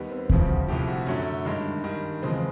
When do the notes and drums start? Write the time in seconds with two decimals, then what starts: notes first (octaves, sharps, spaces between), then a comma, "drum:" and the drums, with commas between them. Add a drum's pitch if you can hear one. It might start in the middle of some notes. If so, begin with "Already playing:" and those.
Already playing: D#2 D#3 G3 B3
0.10 C4
0.30 D2 C#3 F3 C4, drum: kick D#2
0.48 F#4
0.68 C2 A#2 F3 A3 G4
0.88 F#4
1.07 F#2 D3 F#3 A3 C#4
1.45 G2 D#3 G#3
1.84 G2 D#3 G3
2.22 E2 C#3 F3 G#3 C4